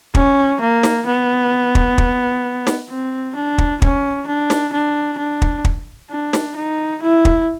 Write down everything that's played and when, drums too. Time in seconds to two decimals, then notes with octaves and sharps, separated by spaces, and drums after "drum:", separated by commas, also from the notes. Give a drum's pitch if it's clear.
0.15 C#4, drum: kick
0.61 A#3
0.83 drum: snare
1.07 B3
1.75 drum: kick
1.98 drum: kick
2.67 drum: snare
2.90 C4
3.36 D4
3.58 drum: kick
3.82 C#4, drum: kick
4.27 D4
4.50 drum: snare
4.73 D4
5.18 D4
5.42 drum: kick
5.65 drum: kick
6.11 D4
6.33 drum: snare
6.56 D#4
7.02 E4
7.25 drum: kick